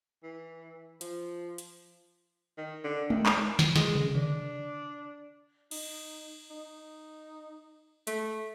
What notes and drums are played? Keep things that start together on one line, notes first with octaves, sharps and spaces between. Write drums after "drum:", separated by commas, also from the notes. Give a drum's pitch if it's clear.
E3
F3, drum: hi-hat
drum: hi-hat
D#3
D3
D#3, drum: tom G#3
drum: clap
drum: snare
G#3, drum: snare
drum: tom
D4, drum: tom D3
D#4, drum: cymbal
D#4
A3, drum: hi-hat